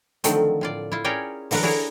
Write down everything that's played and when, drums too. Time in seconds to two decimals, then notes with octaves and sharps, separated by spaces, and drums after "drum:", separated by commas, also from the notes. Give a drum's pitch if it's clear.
0.24 D3 D#3 F3 F#3 A3 C4, drum: hi-hat
0.61 A2 F4 D5
0.92 E4 F4
1.04 C#4 G#4 A#4 C#5 D5 G5
1.51 D3 E3 F#3 A#4 B4 F#5, drum: open hi-hat
1.63 D4 E4 G#4 A#4 C#5